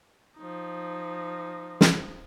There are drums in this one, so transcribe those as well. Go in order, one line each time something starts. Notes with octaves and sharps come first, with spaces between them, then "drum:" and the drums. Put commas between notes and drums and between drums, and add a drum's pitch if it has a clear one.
F3 D#4
drum: snare